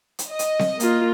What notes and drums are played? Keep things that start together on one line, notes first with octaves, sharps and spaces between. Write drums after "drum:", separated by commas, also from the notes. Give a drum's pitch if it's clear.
drum: hi-hat
D#5
drum: hi-hat
drum: snare C4
A#3 F4, drum: hi-hat